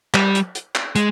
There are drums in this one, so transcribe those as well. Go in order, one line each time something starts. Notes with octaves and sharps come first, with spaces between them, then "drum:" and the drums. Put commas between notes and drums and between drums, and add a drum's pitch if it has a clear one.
G3, drum: clap
drum: hi-hat
drum: hi-hat
drum: clap
G#3, drum: hi-hat